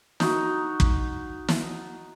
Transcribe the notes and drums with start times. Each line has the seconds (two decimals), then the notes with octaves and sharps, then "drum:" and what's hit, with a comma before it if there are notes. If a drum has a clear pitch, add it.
0.20 D#4 F#4, drum: snare
0.80 drum: kick
1.48 drum: snare